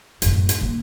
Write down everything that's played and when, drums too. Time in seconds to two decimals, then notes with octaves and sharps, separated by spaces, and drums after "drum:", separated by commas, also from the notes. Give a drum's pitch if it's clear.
0.22 F#2 A2, drum: hi-hat
0.49 drum: hi-hat
0.61 D3 A#3